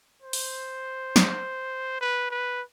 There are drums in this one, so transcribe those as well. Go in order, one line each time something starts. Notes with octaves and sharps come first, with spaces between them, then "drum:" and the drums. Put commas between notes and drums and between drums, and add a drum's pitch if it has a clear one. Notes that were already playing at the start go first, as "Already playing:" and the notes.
C5
drum: open hi-hat
drum: snare
B4
B4